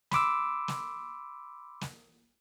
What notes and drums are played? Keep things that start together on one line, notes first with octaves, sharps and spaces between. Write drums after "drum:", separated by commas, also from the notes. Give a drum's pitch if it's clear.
B5 C6 D6 E6, drum: snare
drum: snare
drum: snare